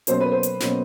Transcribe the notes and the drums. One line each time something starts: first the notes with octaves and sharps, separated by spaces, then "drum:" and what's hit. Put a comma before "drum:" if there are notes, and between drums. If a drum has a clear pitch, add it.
B2 F#3 A#3 C#4 C5, drum: hi-hat
B4
C5
drum: hi-hat
B2 F#3 A#3 C#4, drum: snare